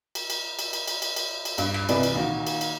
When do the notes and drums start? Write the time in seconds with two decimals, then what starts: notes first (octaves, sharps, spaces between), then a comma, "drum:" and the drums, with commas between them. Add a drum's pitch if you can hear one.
0.15 drum: cymbal
0.30 drum: cymbal
0.59 drum: cymbal
0.73 drum: cymbal
0.88 drum: cymbal
1.02 drum: cymbal
1.16 drum: cymbal
1.45 drum: cymbal
1.58 G2, drum: cymbal
1.74 drum: rim click
1.89 C2 E3 B4 D5 D#5, drum: cymbal
2.03 drum: cymbal
2.14 A#2 D#3 F#4
2.47 drum: cymbal
2.61 drum: cymbal